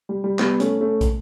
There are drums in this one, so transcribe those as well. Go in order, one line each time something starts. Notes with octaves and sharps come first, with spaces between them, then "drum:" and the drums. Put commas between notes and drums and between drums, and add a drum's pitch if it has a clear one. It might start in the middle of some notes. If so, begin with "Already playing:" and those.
G3
G3
G3 B3, drum: clap
A3 C#4, drum: hi-hat
A3 C#4
drum: kick, hi-hat